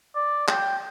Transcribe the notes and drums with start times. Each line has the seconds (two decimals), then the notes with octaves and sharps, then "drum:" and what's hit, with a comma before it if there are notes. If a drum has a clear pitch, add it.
0.15 D5
0.48 G5, drum: clap